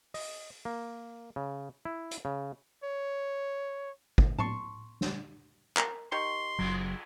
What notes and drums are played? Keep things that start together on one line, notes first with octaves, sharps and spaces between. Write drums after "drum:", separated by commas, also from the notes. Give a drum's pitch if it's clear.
D#5, drum: open hi-hat
A#3
C#3
E4
drum: hi-hat
C#3
C#5
drum: kick
A5 C6 C#6, drum: tom
drum: snare
A#4, drum: clap
D#3 G4 C6 C#6
F#1 F#2 F#3, drum: cymbal